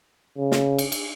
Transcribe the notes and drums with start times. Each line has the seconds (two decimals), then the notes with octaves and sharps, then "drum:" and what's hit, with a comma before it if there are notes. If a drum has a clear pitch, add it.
0.38 C#3
0.52 drum: snare
0.78 drum: cymbal
0.92 drum: cymbal